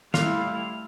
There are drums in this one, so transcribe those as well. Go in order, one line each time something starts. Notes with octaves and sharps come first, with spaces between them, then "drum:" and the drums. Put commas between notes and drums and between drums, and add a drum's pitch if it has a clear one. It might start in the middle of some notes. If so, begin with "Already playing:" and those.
G3 A3 E4 F5 C6, drum: snare